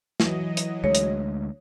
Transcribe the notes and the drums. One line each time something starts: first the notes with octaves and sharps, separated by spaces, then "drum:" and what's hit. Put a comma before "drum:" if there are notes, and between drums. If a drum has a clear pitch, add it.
E3 F#3 D#5, drum: snare
drum: hi-hat
D2 G#3 C#5
drum: hi-hat